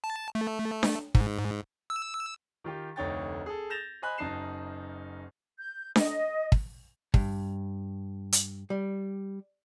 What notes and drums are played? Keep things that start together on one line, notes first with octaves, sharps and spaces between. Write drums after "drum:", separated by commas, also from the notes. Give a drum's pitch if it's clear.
A5
A3
drum: snare D4
G#2, drum: kick
E6
D#3 F4 G4
F1 D2 D#4 C#5 G5 A6
G#4 A4
G6 A6 A#6 E7 F7
C5 D#5 G#5 B5 F#6
F#1 F#2 D#4 A5 C7 E7
G6
D#5, drum: snare D4
drum: kick
G2, drum: kick
drum: hi-hat
G3